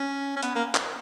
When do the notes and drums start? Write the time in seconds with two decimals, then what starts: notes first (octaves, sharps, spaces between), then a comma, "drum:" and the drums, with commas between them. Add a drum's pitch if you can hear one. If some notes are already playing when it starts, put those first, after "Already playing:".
Already playing: C#4
0.36 C#4
0.43 B3, drum: hi-hat
0.55 A#3
0.75 drum: clap